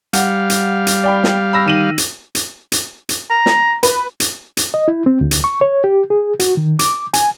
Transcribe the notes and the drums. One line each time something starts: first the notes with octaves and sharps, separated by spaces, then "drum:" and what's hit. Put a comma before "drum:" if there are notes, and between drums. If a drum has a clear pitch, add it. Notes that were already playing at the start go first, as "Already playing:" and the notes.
G3 F5 F#5, drum: hi-hat
drum: hi-hat
drum: hi-hat
D5 G5 B5
drum: snare
B5 E6 A#6
D#3 D#7 F#7
drum: hi-hat
drum: hi-hat
drum: hi-hat
drum: hi-hat
A#5
drum: snare
B4, drum: hi-hat
drum: hi-hat
drum: hi-hat
D#5
E4
C4
D2
drum: hi-hat
C#6
C#5
G4
G#4
F#4, drum: hi-hat
D#3
D6, drum: hi-hat
G#5, drum: hi-hat